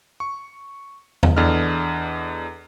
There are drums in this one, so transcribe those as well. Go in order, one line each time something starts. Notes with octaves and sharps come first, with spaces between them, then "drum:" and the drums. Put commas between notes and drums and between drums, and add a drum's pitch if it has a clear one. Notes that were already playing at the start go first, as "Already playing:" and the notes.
C#6
drum: tom E2
E2 D4 A4 D#5 F6